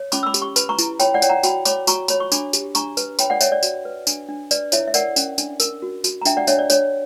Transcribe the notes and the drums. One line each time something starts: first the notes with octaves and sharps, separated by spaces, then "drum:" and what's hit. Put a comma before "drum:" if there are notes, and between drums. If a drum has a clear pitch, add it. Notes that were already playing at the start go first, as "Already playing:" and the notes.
Already playing: C#5
C#4 B5 D6, drum: tambourine
E6
B5 D6
G4, drum: tambourine
C#6
B4 B5, drum: tambourine
A#5 C#6
E4, drum: tambourine
C#5 G5 B5, drum: tambourine
D5 F#5
C#5 G5, drum: tambourine
F#5 A#5
F#4 G5 B5, drum: tambourine
C#5 B5 D6, drum: tambourine
F#4 A#5 C#6, drum: tambourine
C#5 B5, drum: tambourine
C#6
D4 B5 D6, drum: tambourine
G4, drum: tambourine
D4 A#5 C#6, drum: tambourine
B4, drum: tambourine
C#5 G5 B5, drum: tambourine
D5 F#5
C#5 E5, drum: tambourine
D5
F#4, drum: tambourine
B4
D4, drum: tambourine
D4
B4 D5, drum: tambourine
E4 C#5 E5, drum: tambourine
E5
A#4 D5 F#5, drum: tambourine
C#4, drum: tambourine
D4, drum: tambourine
A#4, drum: tambourine
F#4
F#4, drum: tambourine
A#5
D4 E5 G5, drum: tambourine
D5 F#5
D4 C#5 E5, drum: tambourine
D5
D4 C#5, drum: tambourine